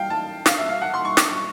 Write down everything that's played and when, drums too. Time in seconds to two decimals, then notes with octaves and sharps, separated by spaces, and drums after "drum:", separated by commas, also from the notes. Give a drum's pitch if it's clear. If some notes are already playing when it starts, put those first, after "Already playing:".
Already playing: F5 G5
0.10 A5
0.46 F5, drum: snare
0.58 E5
0.69 F5
0.81 F#5
0.94 C6
1.05 C#6
1.17 D6, drum: snare
1.29 C#6